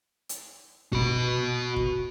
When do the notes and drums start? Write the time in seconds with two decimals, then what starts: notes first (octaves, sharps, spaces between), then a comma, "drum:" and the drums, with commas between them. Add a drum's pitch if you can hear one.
0.29 drum: hi-hat
0.93 F#4 B5, drum: kick
1.76 drum: kick